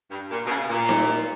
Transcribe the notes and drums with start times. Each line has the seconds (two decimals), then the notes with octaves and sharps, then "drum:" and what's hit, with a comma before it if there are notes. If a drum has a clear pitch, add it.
0.10 G2
0.31 A#2
0.46 B2
0.49 C#3
0.69 A#2
0.89 drum: snare D#4